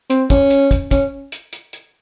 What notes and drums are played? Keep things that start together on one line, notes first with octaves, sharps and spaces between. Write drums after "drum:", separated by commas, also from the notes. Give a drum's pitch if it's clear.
C4, drum: hi-hat
C#4, drum: kick, hi-hat
drum: hi-hat
drum: kick, hi-hat
C#4, drum: kick, hi-hat
drum: hi-hat
drum: hi-hat
drum: hi-hat